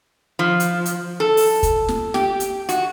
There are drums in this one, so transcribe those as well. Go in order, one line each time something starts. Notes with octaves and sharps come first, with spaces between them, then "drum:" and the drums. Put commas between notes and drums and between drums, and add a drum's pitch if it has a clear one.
F3
drum: hi-hat
drum: hi-hat
A4
drum: open hi-hat
drum: kick, hi-hat
drum: snare
G4, drum: snare
drum: hi-hat
F#4, drum: hi-hat